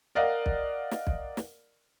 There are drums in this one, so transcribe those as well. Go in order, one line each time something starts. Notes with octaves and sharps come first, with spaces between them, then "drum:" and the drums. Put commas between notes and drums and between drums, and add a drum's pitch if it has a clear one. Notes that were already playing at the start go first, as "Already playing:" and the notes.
A#4 D5 D#5 F5 F#5
drum: kick B1
drum: snare
drum: kick B1
drum: snare